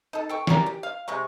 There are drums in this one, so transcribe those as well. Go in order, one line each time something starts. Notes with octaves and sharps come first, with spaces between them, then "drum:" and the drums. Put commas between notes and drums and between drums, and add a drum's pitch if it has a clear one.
D#4 A4
A4 G5 C#6
C#4 G4 A#4 D5, drum: snare
G4
F5
C3 G#3 C#6